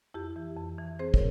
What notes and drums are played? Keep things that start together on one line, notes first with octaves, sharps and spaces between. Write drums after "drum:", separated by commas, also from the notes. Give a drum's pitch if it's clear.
F2 E4 G4
E3
F2
E3
C4 G#4 C5
A#4 C#5, drum: kick